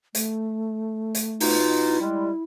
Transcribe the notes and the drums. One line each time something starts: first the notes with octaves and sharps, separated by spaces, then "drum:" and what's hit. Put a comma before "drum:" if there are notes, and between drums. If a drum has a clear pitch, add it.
A3, drum: hi-hat
drum: hi-hat
B2 D#4 F4, drum: open hi-hat
E4
G3 G#3